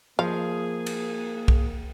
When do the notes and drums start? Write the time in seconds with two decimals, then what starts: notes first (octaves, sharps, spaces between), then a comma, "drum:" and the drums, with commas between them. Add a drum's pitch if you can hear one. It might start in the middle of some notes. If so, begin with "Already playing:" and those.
0.19 F3 A#3 G#4 F5
0.86 drum: cymbal
1.48 drum: kick B1